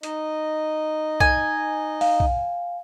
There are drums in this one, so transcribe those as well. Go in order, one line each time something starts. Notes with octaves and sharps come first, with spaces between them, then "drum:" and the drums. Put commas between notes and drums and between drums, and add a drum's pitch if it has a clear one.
D#4 D#5, drum: hi-hat
G#5, drum: kick B1
F5, drum: open hi-hat
drum: kick B1